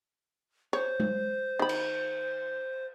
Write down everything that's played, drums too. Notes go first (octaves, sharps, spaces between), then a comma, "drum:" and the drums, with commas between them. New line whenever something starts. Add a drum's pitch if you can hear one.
C5 C#5
drum: tom G#3
D#3 B5
drum: cymbal